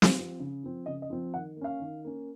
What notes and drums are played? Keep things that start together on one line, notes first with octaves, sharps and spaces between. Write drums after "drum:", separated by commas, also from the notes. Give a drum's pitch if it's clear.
drum: snare
F3 C4
C#3
F3 C4
C#3 D#5
D#5
F3 C4
D#3 F#5
A#3
C#4 F5
D#3
A#3 C#4